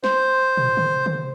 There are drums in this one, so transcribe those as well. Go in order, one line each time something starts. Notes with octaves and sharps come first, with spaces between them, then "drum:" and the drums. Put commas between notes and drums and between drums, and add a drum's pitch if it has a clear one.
C5, drum: snare
drum: tom
drum: tom
drum: tom